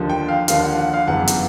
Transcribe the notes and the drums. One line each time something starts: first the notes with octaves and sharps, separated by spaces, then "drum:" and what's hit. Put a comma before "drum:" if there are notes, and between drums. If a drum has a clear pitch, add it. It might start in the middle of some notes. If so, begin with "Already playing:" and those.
Already playing: D#2 D3 F3
G5
F5
D#2 D3 F3 F5, drum: hi-hat
F#5
F#5
F5
G1 F#2 C#3 E3 F#5
drum: hi-hat